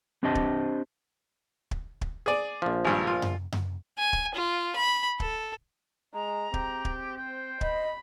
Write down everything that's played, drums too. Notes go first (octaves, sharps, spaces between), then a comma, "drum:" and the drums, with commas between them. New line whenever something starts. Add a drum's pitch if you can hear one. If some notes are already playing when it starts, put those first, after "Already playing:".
C4 D4 G4 C5 D#5 A5
drum: kick
drum: kick
drum: kick
G#4 D5
A#1 F3
G#1 G2
F4
drum: tom F#2
drum: tom F#2
G#5
drum: kick
F4
B5
A4, drum: kick
G#3 A#5
C4 G4, drum: kick
drum: kick
C5 G5
D#5 B5, drum: kick